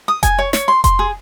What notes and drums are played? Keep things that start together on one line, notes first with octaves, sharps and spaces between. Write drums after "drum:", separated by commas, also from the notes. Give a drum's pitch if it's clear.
D#6
G#5, drum: kick F1, hi-hat
C#5
C#5, drum: snare
C6
C6, drum: kick F1, hi-hat
G#4